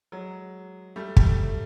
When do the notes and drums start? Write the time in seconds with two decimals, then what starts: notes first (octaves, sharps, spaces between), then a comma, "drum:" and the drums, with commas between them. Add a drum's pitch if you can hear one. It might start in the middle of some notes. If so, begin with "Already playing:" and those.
0.12 F#3 G#3
0.96 G3 A3
1.17 G3 A3, drum: kick